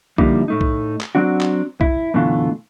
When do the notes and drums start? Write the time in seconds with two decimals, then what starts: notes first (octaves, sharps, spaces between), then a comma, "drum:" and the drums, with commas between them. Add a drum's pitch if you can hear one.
0.18 D3 F3 G3 A#3 D#4 E4, drum: kick B1
0.48 A2 A3 D#4
0.61 drum: kick B1
1.01 drum: clap
1.15 F#3 C4 D4 F#4
1.41 drum: clap
1.81 E4, drum: kick B1
2.14 F#2 B2 D3 E3 A3 F4